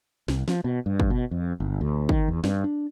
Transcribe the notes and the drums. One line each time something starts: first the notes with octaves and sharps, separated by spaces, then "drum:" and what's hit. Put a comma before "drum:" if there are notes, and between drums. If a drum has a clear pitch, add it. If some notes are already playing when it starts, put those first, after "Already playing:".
C2, drum: snare
F3, drum: snare
B2
G2
drum: kick
B2
F2
G1
D2
D#3, drum: kick
E2
G2, drum: snare
D4